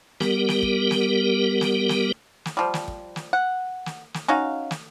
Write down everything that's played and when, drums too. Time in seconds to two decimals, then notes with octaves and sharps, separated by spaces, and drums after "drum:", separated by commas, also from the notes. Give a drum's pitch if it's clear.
0.20 G3 B3 G4 A#4, drum: snare
0.48 drum: snare
0.63 drum: kick
0.91 drum: snare
1.61 drum: snare
1.89 drum: snare
2.45 drum: snare
2.57 F3 G3
2.74 drum: snare
2.88 drum: kick
3.16 drum: snare
3.33 F#5
3.86 drum: snare
4.14 drum: snare
4.28 C#4 D#4 F#4 F5
4.71 drum: snare